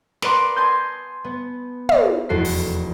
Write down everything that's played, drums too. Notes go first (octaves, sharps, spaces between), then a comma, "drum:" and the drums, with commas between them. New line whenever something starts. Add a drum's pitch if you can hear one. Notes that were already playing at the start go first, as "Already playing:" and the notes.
A#4 B4 D5 F#5 C6 D6, drum: snare
G#5 A5 C6 D#6 G6
B3
drum: tom
F1 E2 F#4 A4 C7
drum: open hi-hat